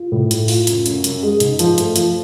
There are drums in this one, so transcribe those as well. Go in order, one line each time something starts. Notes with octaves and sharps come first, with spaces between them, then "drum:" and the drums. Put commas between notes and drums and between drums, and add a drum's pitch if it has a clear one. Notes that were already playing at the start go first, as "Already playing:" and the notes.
Already playing: F4
A2
A3, drum: hi-hat
F4, drum: open hi-hat
F#2, drum: hi-hat
F#2, drum: hi-hat
F#2, drum: hi-hat
G#3
G#2, drum: hi-hat
F3, drum: hi-hat
A3, drum: hi-hat
F3, drum: hi-hat